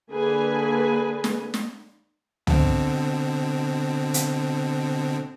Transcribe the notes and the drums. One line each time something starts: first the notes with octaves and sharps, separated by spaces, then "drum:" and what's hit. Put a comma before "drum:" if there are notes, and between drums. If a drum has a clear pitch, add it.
D3 A#3 G#4 B4 G#5
drum: snare
drum: snare
B2 D3 C4, drum: tom
drum: hi-hat